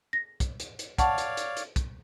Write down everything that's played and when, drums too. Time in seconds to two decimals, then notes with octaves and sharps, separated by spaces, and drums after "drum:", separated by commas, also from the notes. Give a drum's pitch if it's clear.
0.13 A#6
0.40 drum: kick, hi-hat
0.60 drum: hi-hat
0.79 drum: hi-hat
0.98 C#5 D5 F5 F#5 A5 C#6, drum: kick, hi-hat
1.18 drum: hi-hat
1.37 drum: hi-hat
1.57 drum: hi-hat
1.76 drum: kick, hi-hat